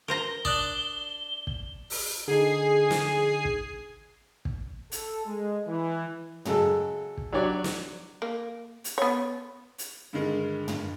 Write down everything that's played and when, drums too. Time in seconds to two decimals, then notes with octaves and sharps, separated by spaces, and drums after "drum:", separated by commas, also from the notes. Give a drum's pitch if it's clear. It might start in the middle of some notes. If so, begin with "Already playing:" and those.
0.08 A#4 C5 A#5 G7
0.45 D4 D#6 F#6, drum: kick
1.47 drum: kick
1.90 drum: open hi-hat
2.28 D3 D#4 G#4 G#5 C7
2.91 drum: snare
3.45 drum: kick
4.45 drum: kick
4.92 A4, drum: hi-hat
5.26 G#3
5.67 E3
6.45 C#3 F#3 G#3 A4, drum: tom
7.17 drum: kick
7.32 F#3 D4 G4 C#5 D5
7.64 drum: snare
8.22 A#3
8.84 drum: hi-hat
8.98 B3 C#5
9.78 drum: hi-hat
10.13 G2 D3 D#3 G#3
10.68 drum: tom